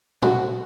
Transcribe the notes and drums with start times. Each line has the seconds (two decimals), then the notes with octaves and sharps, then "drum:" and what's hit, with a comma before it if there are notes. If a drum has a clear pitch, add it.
0.22 F#4, drum: tom